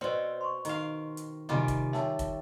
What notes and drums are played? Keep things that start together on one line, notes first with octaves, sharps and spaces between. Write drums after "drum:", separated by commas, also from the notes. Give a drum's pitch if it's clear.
B2 C4 B4 C5 D5
C6 C#6
D#3 F5, drum: hi-hat
drum: hi-hat
C3 D#3 G3 F4 G#5 D6
drum: kick, hi-hat
C#5 E5 G5 A5 E6, drum: snare
drum: kick, hi-hat